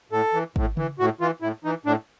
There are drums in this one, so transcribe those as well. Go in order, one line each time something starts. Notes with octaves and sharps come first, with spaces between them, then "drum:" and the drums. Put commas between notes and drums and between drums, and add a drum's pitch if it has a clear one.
A2 A4
E3
A2, drum: kick
E3, drum: tom C#3
A2 F#4
E3 F4
A2 E4
E3 D#4
A2 D4